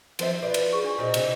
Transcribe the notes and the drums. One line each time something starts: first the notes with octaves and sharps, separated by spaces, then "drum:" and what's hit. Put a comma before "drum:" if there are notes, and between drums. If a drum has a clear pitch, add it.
F3 C5 E5, drum: cymbal
F4 B4 D5
drum: cymbal
G#4 C#6
D4
A#2 C4 F#4 D#5
C3 E3, drum: cymbal